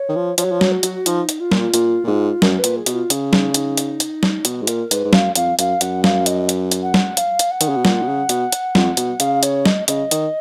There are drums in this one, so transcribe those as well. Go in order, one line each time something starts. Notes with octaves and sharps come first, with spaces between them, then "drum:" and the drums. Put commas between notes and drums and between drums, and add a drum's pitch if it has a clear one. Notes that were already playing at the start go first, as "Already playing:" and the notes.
Already playing: C#5
D#3
F3
F3 C#5, drum: hi-hat
F#3
F3
F#3, drum: snare
F#4
F#3, drum: hi-hat
F3 D#4, drum: hi-hat
drum: hi-hat
F4
A#2, drum: snare
A#2, drum: hi-hat
A#2
G#2
F#2 A#4, drum: snare
B4
A#2, drum: hi-hat
G#4
B2, drum: hi-hat
F4
C#3, drum: hi-hat
D#4, drum: snare
D#4, drum: hi-hat
drum: hi-hat
drum: hi-hat
drum: snare
B2 F#4, drum: hi-hat
G#2
A#2 A#4, drum: hi-hat
G#2 B4, drum: hi-hat
G#2
F#2 F5, drum: snare
F2 F5, drum: hi-hat
F#2 F5, drum: hi-hat
F#2 F#5, drum: hi-hat
F5, drum: snare
D#5, drum: hi-hat
drum: hi-hat
drum: hi-hat
F#5
drum: snare
F5, drum: hi-hat
drum: hi-hat
F#5
D#3, drum: hi-hat
C#3
B2
A#2, drum: snare
B2
C#3
B2, drum: hi-hat
drum: hi-hat
F2, drum: snare
B2, drum: hi-hat
C#3 F5, drum: hi-hat
C#5, drum: hi-hat
D#5, drum: snare
C#3 D#5, drum: hi-hat
D#3, drum: hi-hat